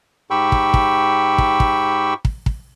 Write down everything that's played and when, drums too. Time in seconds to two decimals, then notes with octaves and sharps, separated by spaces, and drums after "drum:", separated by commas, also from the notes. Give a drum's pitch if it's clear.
0.31 G#2 G4 G5 B5 C#6 E6
0.52 drum: kick
0.74 drum: kick
1.38 drum: kick
1.60 drum: kick
2.25 drum: kick
2.46 drum: kick